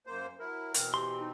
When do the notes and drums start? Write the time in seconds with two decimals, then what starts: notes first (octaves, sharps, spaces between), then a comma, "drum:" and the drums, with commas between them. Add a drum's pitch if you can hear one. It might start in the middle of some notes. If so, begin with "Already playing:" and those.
0.07 F#2 A#3 C5
0.39 F#3 E4 A#4
0.74 B2 E3 C4 A#4, drum: hi-hat
0.94 G4 C6
1.20 D#4